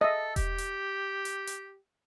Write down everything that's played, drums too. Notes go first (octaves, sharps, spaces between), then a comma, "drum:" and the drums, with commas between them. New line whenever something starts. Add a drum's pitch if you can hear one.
A4 D#5 E5
G4, drum: kick E1, hi-hat
drum: hi-hat
drum: hi-hat
drum: hi-hat